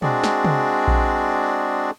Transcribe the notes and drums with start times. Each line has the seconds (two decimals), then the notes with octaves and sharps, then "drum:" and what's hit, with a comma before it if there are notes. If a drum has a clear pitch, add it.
0.02 G#3 C4 D4 F#4 G#4 D5, drum: tom
0.24 drum: snare
0.44 drum: tom
0.88 drum: kick A#1